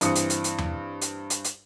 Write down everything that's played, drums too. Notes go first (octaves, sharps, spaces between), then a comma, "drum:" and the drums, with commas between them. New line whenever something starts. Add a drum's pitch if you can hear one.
G2 E3 C4 D#6 C#7, drum: hi-hat
drum: hi-hat
drum: hi-hat
drum: hi-hat
drum: tom E2
drum: hi-hat
drum: hi-hat
drum: hi-hat